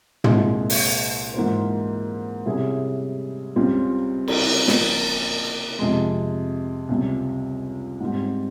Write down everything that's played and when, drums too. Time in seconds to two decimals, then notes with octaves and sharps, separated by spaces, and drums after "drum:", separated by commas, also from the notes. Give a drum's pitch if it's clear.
0.24 C2 A#2 G#3, drum: tom
0.70 drum: open hi-hat
1.34 G#2 E3 A#3 F4 C5
2.46 C3 G3 C#4 E4 G#4
3.56 C#2 C#3 G3 C4 F4
4.28 drum: cymbal
4.68 C#3 F3 A#3, drum: snare
5.79 F2 C3 F3 G#3
6.89 C#2 C3 G3
8.00 G#2 G3 C4